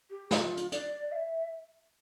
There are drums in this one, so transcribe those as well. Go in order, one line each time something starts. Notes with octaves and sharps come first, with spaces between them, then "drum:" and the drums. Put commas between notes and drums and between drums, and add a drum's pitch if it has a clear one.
G4
F4, drum: snare
drum: hi-hat
D5, drum: hi-hat
F5
E5